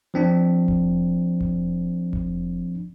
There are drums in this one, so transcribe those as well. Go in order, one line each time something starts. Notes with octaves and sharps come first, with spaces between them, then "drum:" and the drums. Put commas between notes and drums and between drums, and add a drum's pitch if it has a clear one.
F3 C4 D4
drum: kick F1
drum: kick F1
drum: kick F1